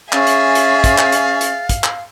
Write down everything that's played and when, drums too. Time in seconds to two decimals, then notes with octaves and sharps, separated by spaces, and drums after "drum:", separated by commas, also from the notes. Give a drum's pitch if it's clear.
0.12 C#4 G#4 E5 F5 A6, drum: clap
0.27 drum: hi-hat
0.55 drum: hi-hat
0.84 drum: kick, hi-hat
0.98 drum: clap
1.12 drum: hi-hat
1.41 drum: hi-hat
1.69 drum: kick, hi-hat
1.84 drum: clap